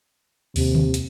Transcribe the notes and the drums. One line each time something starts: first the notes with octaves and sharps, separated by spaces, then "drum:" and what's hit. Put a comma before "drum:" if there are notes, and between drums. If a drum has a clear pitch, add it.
D#2 C3, drum: open hi-hat
drum: tom D3
drum: hi-hat